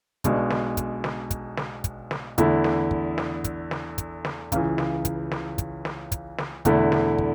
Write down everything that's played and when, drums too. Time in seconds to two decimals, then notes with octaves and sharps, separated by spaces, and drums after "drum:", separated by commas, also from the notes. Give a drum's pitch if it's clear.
0.24 B1 B2 G#3 D4, drum: kick, hi-hat
0.50 drum: snare
0.77 drum: kick, hi-hat
1.04 drum: snare
1.31 drum: kick, hi-hat
1.57 drum: snare
1.84 drum: kick, hi-hat
2.11 drum: snare
2.38 E2 D3 A3 E4, drum: kick, hi-hat
2.64 drum: snare
2.91 drum: kick
3.18 drum: snare
3.44 drum: kick, hi-hat
3.71 drum: snare
3.98 drum: kick, hi-hat
4.25 drum: snare
4.52 C#2 C#3 E3, drum: kick, hi-hat
4.78 drum: snare
5.05 drum: kick, hi-hat
5.31 drum: snare
5.58 drum: kick, hi-hat
5.85 drum: snare
6.12 drum: kick, hi-hat
6.38 drum: snare
6.65 E1 E2 D3 A3 E4, drum: kick, hi-hat
6.92 drum: snare
7.19 drum: kick